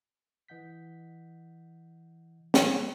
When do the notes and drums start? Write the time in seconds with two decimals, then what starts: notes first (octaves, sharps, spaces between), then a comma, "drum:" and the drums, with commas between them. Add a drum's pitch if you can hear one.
0.48 E3 D#5 F#5 G6 B6
2.54 drum: snare